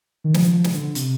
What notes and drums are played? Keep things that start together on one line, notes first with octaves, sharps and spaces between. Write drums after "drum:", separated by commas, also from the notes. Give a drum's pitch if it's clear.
D#3
F3, drum: snare
F3
drum: snare
D3
C3, drum: hi-hat